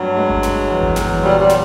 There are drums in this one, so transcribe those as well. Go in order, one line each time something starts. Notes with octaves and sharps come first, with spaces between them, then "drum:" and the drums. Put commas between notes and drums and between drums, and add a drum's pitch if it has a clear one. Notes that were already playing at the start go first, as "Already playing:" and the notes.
Already playing: G2 F#3
G#3
drum: kick G1
G#3, drum: snare
E2
drum: kick G1
E2, drum: snare
A#2 G3
G3
drum: snare